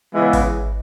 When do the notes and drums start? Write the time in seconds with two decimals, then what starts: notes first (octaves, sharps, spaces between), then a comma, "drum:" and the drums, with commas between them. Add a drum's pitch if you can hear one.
0.13 C#3 E3 G#3 B3 E4
0.33 drum: kick G#1, open hi-hat